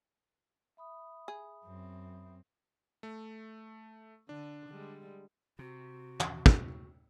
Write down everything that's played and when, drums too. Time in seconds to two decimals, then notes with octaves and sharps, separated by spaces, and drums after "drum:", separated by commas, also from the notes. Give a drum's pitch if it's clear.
0.77 E5 B5 D#6
1.28 G#4
1.64 F#2 C4
3.03 A3
4.29 D3 D4
4.69 D3 G3 G#3
5.59 C3 F#4
6.20 drum: tom
6.46 drum: kick